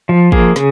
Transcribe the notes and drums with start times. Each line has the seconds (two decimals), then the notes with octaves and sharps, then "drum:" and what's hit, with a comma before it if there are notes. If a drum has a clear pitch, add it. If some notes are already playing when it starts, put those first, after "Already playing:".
0.09 F3
0.32 A#3 G#4, drum: kick
0.56 C#3, drum: snare